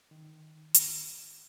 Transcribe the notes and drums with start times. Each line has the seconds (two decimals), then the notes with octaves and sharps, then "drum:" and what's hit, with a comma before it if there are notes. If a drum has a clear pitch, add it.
0.11 D#3
0.74 drum: hi-hat